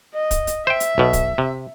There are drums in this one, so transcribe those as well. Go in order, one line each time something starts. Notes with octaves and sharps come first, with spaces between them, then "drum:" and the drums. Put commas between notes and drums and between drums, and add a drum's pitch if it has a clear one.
D#5
drum: kick, hi-hat
drum: hi-hat
C5 E5 G5
drum: hi-hat
B1 B2
drum: kick, hi-hat
C3